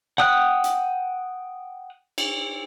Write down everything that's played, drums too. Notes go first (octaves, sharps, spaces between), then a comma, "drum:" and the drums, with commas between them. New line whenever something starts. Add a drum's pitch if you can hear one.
F#5 G5 D#6 F#6
drum: hi-hat
drum: cymbal